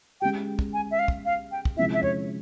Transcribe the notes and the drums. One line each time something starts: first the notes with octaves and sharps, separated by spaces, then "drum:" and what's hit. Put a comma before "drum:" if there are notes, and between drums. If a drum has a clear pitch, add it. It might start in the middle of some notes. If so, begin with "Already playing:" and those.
G#3 C#4 G4 G5
drum: kick
G#5
E5
F5
drum: kick
F5
G5
drum: kick
C3 F3 G#3 C#4 E4 E5
E5
C#5, drum: tom E2